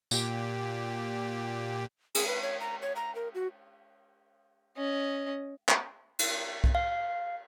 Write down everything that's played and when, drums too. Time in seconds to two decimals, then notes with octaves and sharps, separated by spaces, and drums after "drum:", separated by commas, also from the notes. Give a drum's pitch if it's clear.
0.11 A#2 G4, drum: tambourine
2.15 G#4, drum: cymbal
2.27 B4
2.42 C#5
2.60 A#5
2.82 C#5
2.96 A#5
3.15 A#4
3.35 F#4
4.77 C#4 D#5
5.69 drum: clap
6.19 drum: cymbal
6.64 drum: kick B1
6.75 F5